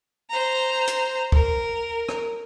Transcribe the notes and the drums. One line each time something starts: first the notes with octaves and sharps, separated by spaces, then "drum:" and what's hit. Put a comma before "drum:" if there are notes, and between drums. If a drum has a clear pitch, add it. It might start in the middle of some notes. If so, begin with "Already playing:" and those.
C5 A#5
drum: hi-hat
A#4, drum: kick
drum: rim click